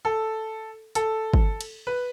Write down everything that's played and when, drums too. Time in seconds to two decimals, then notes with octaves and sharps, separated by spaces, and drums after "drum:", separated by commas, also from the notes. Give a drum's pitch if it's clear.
0.05 A4
0.95 A4, drum: hi-hat
1.34 drum: kick
1.61 drum: cymbal
1.87 B4